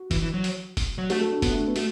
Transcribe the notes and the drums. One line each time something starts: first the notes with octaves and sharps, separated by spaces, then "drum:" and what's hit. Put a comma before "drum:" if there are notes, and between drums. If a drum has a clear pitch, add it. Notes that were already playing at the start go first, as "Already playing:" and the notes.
Already playing: F#4
E3, drum: kick F1, open hi-hat
E3
F#3
drum: open hi-hat
drum: kick F1, open hi-hat
F#3
A3 F#4, drum: open hi-hat
A4
D4
B3 D4, drum: kick F1, open hi-hat
A3
B3
A3 F#4, drum: open hi-hat